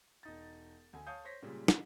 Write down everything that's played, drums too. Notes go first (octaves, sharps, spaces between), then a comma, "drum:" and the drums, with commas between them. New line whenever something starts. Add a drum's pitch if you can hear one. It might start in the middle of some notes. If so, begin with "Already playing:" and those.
E1 D#4 A6
D2 G#5
C#5 F5 A5 D#6 G6
C5 C#5 A#6 B6
A#2 C#3 G3 G#3
drum: snare